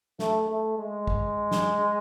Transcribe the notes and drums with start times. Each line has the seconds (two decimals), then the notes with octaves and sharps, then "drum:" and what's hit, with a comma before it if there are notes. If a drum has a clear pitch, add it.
0.19 A3, drum: snare
0.49 A3
0.78 G#3
1.07 drum: kick
1.51 drum: snare